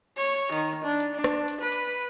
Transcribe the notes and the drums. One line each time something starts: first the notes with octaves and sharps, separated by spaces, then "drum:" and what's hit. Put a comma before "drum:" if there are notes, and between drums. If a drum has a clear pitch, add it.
C#5
D#3, drum: hi-hat
D4
drum: hi-hat
D4
drum: rim click
drum: hi-hat
B4
drum: hi-hat